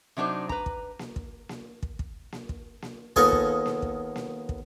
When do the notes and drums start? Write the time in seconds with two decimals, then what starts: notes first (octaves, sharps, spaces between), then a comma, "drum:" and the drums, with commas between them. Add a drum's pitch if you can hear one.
0.17 C3 F#3 D4 D#4 C5
0.49 B4 A#5, drum: kick
0.66 drum: kick
0.99 drum: snare A#3
1.16 drum: kick
1.49 drum: snare A#3
1.83 drum: kick
1.99 drum: kick
2.32 drum: snare A#3
2.49 drum: kick
2.82 drum: snare A#3
3.16 D#2 B3 F4 A4 D#5 G#5, drum: kick
3.32 drum: kick
3.66 drum: snare A#3
3.82 drum: kick
4.16 drum: snare A#3
4.49 drum: kick